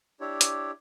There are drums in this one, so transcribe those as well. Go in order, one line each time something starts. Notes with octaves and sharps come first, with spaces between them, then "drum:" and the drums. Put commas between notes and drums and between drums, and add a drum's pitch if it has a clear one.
D4 E4 G4 C#5
drum: hi-hat